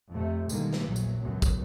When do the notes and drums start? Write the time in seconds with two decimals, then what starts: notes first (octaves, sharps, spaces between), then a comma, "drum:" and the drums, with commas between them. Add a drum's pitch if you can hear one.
0.11 F2 C3 A3
0.49 B2 D3 D#3 G3 G#3 A#3, drum: tambourine
0.73 drum: snare
0.84 A#1 E2 A#2 F#3
0.96 drum: tambourine
1.20 C#2 F#2 F#3 B3
1.42 drum: kick, tambourine